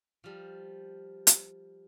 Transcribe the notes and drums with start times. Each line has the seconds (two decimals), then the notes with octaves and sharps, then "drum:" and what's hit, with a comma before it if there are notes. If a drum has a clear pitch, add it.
0.24 F3 G3
1.27 drum: hi-hat